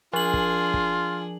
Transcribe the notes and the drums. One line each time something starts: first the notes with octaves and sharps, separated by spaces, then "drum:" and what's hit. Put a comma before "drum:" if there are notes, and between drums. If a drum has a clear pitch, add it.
F3 D4 F4 G#4 F#7
drum: kick
drum: kick